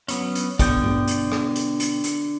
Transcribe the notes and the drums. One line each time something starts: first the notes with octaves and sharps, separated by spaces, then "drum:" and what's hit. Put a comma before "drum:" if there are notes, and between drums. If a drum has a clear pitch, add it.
F#3 B3 C#4, drum: hi-hat
drum: hi-hat
B2 D3 D5 G5 G6, drum: kick, hi-hat
drum: tom G2
drum: hi-hat
drum: rim click
drum: hi-hat
drum: hi-hat
drum: hi-hat